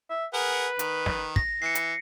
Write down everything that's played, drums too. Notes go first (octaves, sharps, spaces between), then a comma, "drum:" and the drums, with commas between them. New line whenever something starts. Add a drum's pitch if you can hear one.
E5
G#4 A#4 B4 F#5
D#3, drum: hi-hat
drum: snare
A#6, drum: kick
E3 C7 C#7
drum: hi-hat